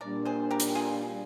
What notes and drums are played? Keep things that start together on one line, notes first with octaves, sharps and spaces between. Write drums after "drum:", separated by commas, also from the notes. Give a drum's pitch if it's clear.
A#2 G3 D4 A#4 D5
G#4 C5
G4 A#4
drum: hi-hat
F4 G#4